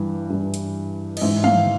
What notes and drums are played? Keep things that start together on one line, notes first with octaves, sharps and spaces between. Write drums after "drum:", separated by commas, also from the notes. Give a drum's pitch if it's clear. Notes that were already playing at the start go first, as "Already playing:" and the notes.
Already playing: G2 E3
G2 E3
drum: hi-hat
D#5, drum: cymbal
G#2 E3 E5
F5, drum: tom